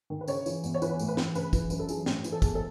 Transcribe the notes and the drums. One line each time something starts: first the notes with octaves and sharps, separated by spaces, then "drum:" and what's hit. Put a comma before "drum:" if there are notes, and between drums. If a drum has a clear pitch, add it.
D#3
B4
C#3 C#5, drum: tambourine
E3, drum: tambourine
E2, drum: tambourine
C#5
E3 B4, drum: tambourine
A2, drum: tambourine
B4
E3, drum: snare
C#3 B4, drum: tambourine
E3, drum: kick, tambourine
F#2 B4, drum: tambourine
A4
E3 G#4, drum: tambourine
A2, drum: snare
E3, drum: tambourine
A4
B2 G#4, drum: kick, tambourine
A4